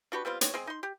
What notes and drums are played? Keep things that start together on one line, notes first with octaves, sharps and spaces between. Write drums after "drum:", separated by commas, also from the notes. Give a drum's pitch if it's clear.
D4 F#4 G4 B4
G3 B3 C4 F4
B3 C4 C#5, drum: hi-hat
G#3 C4 G#4
D#4 C6
G4